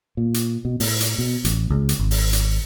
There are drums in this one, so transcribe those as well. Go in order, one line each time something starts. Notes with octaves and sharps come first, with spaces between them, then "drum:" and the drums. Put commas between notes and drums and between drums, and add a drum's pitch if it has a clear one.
A#2
drum: hi-hat
B2
A2, drum: open hi-hat
drum: hi-hat
B2
A1, drum: hi-hat
C#2
drum: hi-hat
G#1
drum: open hi-hat
drum: hi-hat